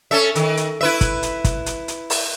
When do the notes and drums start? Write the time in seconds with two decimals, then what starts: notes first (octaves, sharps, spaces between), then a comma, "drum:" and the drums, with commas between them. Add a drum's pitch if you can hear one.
0.11 C#4 A4 E5
0.35 D#3, drum: hi-hat
0.57 drum: hi-hat
0.81 E4 B4 E5
1.01 drum: kick, hi-hat
1.23 drum: hi-hat
1.44 drum: kick, hi-hat
1.66 drum: hi-hat
1.88 drum: hi-hat
2.10 drum: open hi-hat